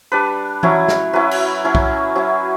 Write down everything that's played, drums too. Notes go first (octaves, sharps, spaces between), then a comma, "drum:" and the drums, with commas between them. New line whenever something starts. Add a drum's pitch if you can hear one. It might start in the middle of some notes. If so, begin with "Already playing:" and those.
G3 D4 B4
F#3 C#4 E4, drum: tom E3
drum: snare
F#3 C#4 E4 B4
drum: cymbal
F#3 C#4 E4
drum: kick B1
F#3 C#4 E4